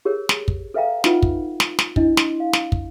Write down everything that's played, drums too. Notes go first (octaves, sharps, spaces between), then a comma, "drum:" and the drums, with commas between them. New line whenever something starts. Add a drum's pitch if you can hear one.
G4 G#4 A#4 C#5
drum: snare
drum: kick
A4 B4 E5 F5 G5 A#5
D#4 F4 B4 F#5, drum: snare
drum: kick
drum: snare
drum: snare
D4 E4 D#5, drum: kick
C6, drum: snare
F5
drum: snare
drum: kick